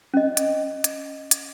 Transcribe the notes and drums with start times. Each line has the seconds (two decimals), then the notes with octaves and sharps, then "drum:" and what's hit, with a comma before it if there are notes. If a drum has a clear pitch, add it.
0.14 C#4 D#5
0.37 drum: hi-hat
0.84 drum: hi-hat
1.31 drum: hi-hat